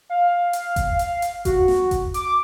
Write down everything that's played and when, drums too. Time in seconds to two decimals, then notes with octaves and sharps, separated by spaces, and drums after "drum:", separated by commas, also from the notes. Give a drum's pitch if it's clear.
0.10 F5
0.53 drum: hi-hat
0.76 drum: kick G1, hi-hat
0.99 drum: hi-hat
1.22 drum: hi-hat
1.45 F#4, drum: kick G1, hi-hat
1.68 drum: snare
1.91 drum: kick G1, hi-hat
2.14 D6, drum: hi-hat